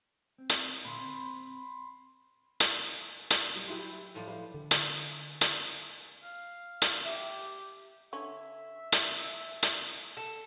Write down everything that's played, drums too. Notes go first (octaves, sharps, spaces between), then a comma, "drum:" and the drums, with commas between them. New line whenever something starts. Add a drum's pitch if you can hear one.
C4
drum: hi-hat
A#2 D3 A#3 B5 C6
C4
drum: hi-hat
drum: hi-hat
G3
F#3 E4 G4 B4 C5
A2 F3 G3
B4
D3
drum: hi-hat
drum: hi-hat
F5
drum: hi-hat
G4 E5
D3 C#4 E5
drum: hi-hat
drum: hi-hat
A4